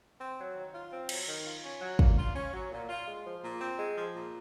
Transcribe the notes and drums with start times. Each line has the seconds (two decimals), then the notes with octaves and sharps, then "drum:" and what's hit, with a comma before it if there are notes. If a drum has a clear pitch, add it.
0.19 C4
0.38 F#3
0.55 D#3
0.73 F4
0.91 C4
1.09 F#3, drum: cymbal
1.26 D#3
1.45 F4
1.63 C#4
1.80 F#3
1.99 A#2, drum: kick
2.17 F4
2.35 C#4
2.53 F#3
2.71 A#2
2.89 F4
3.06 G#3
3.25 F3
3.43 A#2
3.60 C4
3.78 G#3
3.96 F3
4.14 A#2